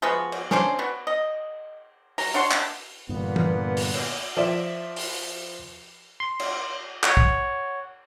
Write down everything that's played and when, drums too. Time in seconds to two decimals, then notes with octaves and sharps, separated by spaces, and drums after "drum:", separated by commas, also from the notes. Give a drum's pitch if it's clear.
0.02 F3 G#3 B3 F#4
0.32 drum: cymbal
0.51 C#4 D4 C5, drum: snare
0.79 B3 F#4
1.07 D#5
2.18 F#3 A#5, drum: open hi-hat
2.34 D4 C#5 F#5 C6
2.51 drum: clap
3.09 G2 A#2 D3 E3 B3
3.36 drum: tom
3.77 drum: open hi-hat
3.94 drum: cymbal
4.37 F3 D5 E5
4.96 drum: open hi-hat
6.20 C6
6.39 drum: cymbal
7.03 C#5 F#5, drum: clap
7.17 drum: kick